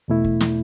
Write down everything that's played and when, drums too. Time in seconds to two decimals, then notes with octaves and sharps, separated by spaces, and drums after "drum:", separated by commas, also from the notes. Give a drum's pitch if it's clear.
0.08 E2 B2 A3 E4
0.24 drum: kick
0.41 drum: snare